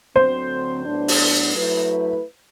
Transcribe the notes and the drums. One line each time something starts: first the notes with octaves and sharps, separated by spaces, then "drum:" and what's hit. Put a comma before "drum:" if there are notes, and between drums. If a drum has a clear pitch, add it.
D2 D3 F#3 C4 C5
A2 F#3 B3 D4
drum: open hi-hat
F#3 A3 E4 B4